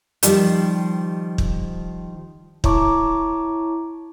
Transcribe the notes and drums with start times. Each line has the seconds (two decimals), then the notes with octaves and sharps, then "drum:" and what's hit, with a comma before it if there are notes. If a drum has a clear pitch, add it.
0.23 D#3 F3 G3, drum: hi-hat
1.38 drum: kick
2.64 E4 C#5 A5 A#5 C#6 D6, drum: kick